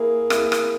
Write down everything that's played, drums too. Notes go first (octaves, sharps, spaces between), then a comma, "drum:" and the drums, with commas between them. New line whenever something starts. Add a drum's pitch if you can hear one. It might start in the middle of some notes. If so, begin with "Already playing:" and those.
Already playing: A#3 E4 G#4
A#3 E4 G#4, drum: rim click
drum: rim click